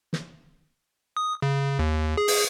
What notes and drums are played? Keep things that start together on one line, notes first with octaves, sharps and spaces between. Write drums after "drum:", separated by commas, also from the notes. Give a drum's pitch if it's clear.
drum: snare
D#6
C#3
D#2
G#4
drum: open hi-hat